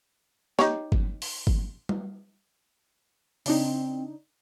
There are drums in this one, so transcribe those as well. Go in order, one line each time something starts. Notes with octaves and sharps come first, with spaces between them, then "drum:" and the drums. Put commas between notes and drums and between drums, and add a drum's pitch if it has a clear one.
D#4 G4 C#5, drum: snare B3
drum: kick G1
drum: open hi-hat
drum: kick G1
drum: tom G3
C#3 C4 D4 D#4, drum: open hi-hat